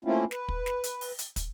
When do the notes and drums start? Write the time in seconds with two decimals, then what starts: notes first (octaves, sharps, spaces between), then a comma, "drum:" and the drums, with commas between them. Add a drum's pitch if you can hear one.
0.05 A3 A#3 C4 C#4 E4 F4
0.31 B4, drum: snare
0.48 drum: kick
0.66 drum: snare
0.84 drum: hi-hat
1.01 drum: open hi-hat
1.19 drum: hi-hat
1.36 drum: kick, hi-hat